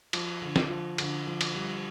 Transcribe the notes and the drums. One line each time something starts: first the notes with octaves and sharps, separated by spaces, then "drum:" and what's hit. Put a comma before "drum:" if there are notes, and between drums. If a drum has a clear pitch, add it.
F3, drum: cymbal
D3
drum: snare
F3
D3, drum: cymbal
F3
drum: cymbal
G3